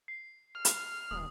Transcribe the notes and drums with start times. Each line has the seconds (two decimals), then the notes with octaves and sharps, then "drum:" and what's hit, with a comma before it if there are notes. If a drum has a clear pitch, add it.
0.08 C7
0.55 F6
0.65 drum: hi-hat
1.11 D#1 D#6